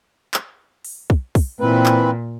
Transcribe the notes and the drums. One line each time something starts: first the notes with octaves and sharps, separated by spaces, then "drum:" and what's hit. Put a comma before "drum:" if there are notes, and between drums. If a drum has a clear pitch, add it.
drum: clap
drum: open hi-hat
drum: kick
drum: kick, open hi-hat
A#2 E3 C4 B4
drum: clap